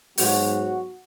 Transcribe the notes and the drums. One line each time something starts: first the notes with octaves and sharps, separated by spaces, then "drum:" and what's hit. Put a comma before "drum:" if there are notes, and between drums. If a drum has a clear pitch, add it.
G#2 F#3 B3 F#4, drum: open hi-hat